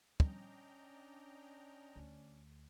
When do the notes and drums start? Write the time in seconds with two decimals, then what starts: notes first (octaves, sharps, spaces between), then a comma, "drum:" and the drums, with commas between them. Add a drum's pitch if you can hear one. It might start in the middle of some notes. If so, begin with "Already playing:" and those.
0.20 C#4 D4 D#5 G5 A#5, drum: kick
1.96 D2